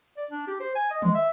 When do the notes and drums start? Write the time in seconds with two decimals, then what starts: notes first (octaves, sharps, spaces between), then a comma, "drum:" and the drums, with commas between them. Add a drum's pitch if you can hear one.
0.17 D5
0.31 D4
0.47 G4
0.60 C5
0.75 G#5
0.91 D#5
1.02 G#3, drum: tom D#3
1.15 E5